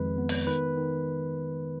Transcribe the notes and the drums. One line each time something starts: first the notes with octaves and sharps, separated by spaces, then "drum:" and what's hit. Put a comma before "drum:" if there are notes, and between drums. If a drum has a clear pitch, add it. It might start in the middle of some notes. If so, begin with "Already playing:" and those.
Already playing: F2 D#3 G#3 B4
B3
drum: open hi-hat
D#3 B4
D#3